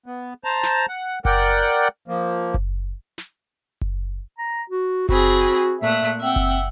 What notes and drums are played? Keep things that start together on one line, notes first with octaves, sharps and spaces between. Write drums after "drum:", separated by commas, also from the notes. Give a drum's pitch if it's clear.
B3
C5 A5 A#5
drum: snare
F#5
A#4 D5 F#5 G5, drum: kick F#1
F3 A#3
drum: kick F#1
drum: snare
drum: kick F#1
A#5
F#4
C4 F#4 G#4 B5, drum: kick F#1
A#2 A3 E5 F#6
C4 E5 F#5 G5
drum: kick F#1